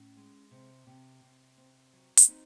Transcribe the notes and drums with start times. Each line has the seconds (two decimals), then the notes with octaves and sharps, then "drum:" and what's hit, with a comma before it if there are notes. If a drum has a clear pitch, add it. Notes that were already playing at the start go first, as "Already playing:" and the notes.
Already playing: A2 C#4
0.17 G#3
0.51 C3
0.87 C3
1.23 C3
1.57 C4
1.93 F#3
2.17 drum: hi-hat
2.28 C4 D#4